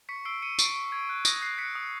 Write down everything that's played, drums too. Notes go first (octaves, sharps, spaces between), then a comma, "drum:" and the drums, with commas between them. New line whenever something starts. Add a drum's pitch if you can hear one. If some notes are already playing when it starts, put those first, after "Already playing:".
C#6 B6 C#7
E6 C7 D7
E6 C#7 D#7
C#6 C7 D7, drum: tambourine
C#6
C#6 G#6
F#6
D#6 A#6, drum: tambourine
F#6 C7
F#6 B6 C#7
D#6